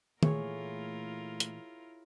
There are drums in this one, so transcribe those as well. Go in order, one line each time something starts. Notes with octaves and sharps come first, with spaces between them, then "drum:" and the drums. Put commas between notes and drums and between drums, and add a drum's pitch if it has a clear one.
A#2 E3 A3 E4 F4 G#4 A#4 C#5, drum: tom
drum: hi-hat